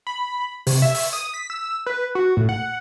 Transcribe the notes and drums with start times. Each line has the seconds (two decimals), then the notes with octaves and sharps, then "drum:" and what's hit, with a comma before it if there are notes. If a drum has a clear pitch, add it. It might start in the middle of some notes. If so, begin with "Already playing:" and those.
0.07 B5
0.67 C3, drum: open hi-hat
0.82 E5
0.94 drum: open hi-hat
1.13 D#6
1.34 B6
1.50 E6
1.86 B4
2.15 F#4
2.37 A2
2.49 F#5